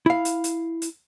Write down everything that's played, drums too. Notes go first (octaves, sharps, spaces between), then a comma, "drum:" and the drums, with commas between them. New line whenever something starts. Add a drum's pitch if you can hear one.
E4 F5
drum: hi-hat
drum: hi-hat
drum: hi-hat